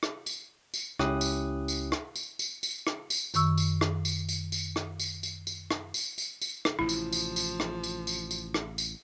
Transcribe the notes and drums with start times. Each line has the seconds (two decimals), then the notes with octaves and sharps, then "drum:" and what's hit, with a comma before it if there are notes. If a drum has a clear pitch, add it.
0.03 drum: rim click
0.26 drum: tambourine
0.74 drum: tambourine
0.99 C#2 C#4 E4 G4 D#6 F#6, drum: rim click
1.21 drum: tambourine
1.68 drum: tambourine
1.92 drum: rim click
2.16 drum: tambourine
2.39 drum: tambourine
2.63 drum: tambourine
2.87 drum: rim click
3.10 drum: tambourine
3.34 F#2 D#3 C#6 E6, drum: tambourine
3.58 drum: tambourine
3.81 drum: rim click
4.05 drum: tambourine
4.29 drum: tambourine
4.52 drum: tambourine
4.76 drum: rim click
5.00 drum: tambourine
5.23 drum: tambourine
5.47 drum: tambourine
5.71 drum: rim click
5.94 drum: tambourine
6.18 drum: tambourine
6.41 drum: tambourine
6.65 drum: rim click
6.79 A1 C3 F3 E4
6.89 drum: tambourine
7.12 drum: tambourine
7.36 drum: tambourine
7.60 drum: rim click
7.83 drum: tambourine
8.07 drum: tambourine
8.31 drum: tambourine
8.54 drum: rim click
8.78 drum: tambourine